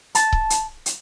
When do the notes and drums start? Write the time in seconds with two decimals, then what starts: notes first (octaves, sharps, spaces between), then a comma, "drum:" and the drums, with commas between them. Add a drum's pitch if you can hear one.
0.15 A5, drum: hi-hat
0.33 drum: kick C#1
0.50 drum: hi-hat
0.86 drum: hi-hat